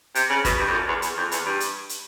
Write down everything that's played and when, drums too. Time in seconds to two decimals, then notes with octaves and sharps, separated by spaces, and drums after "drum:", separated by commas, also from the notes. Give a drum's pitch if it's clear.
0.15 C3, drum: hi-hat
0.30 C#3
0.45 B2, drum: kick, hi-hat
0.59 G2
0.67 F2
0.73 F#2
0.88 E2
1.02 E2, drum: hi-hat
1.17 F2
1.32 E2, drum: hi-hat
1.46 G2
1.60 drum: hi-hat
1.89 drum: hi-hat